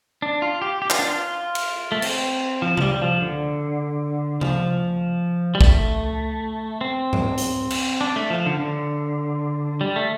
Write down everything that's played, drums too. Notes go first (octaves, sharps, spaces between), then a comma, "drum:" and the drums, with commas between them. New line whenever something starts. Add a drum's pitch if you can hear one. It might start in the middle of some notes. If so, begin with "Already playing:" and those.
D4
F4
G4
G4
F4, drum: clap
D4
F4
drum: cymbal
A3
C4, drum: cymbal
F3
F3, drum: tom C3
G3
F3
D3
F3, drum: tom C3
G3
A3, drum: kick
C4
drum: tom G#2
drum: hi-hat
drum: cymbal
D4
A3
F3
D3
D3
G3
A3